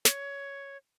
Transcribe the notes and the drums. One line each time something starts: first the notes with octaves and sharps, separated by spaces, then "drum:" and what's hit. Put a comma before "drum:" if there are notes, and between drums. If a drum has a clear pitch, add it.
C#5, drum: snare